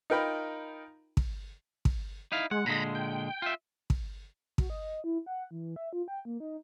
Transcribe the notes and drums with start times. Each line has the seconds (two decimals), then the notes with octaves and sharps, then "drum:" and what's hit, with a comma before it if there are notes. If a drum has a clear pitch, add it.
0.10 D#4 F4 A#4 G5 B5
1.17 drum: kick
1.85 drum: kick
2.32 D#4 E4 F5
2.51 G#3 F#5
2.66 A#2 D3 G#3 A#5 B5
2.95 G5
3.42 F4 E5
3.90 drum: kick
4.58 F#4, drum: kick
4.70 D#5
5.04 E4
5.26 F#5
5.51 E3
5.76 E5
5.93 F4
6.08 G5
6.25 A#3
6.40 D#4